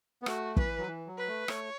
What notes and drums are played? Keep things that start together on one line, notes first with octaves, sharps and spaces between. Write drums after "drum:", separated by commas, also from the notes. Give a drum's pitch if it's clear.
B3
A3 F#4, drum: rim click
E3 B4, drum: kick
F#3
E3
F#3
B4
A3
A3 C#5, drum: rim click